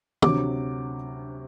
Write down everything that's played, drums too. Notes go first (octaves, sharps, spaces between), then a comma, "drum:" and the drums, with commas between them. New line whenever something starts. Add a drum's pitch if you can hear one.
D2 C3 F#3 D6, drum: tom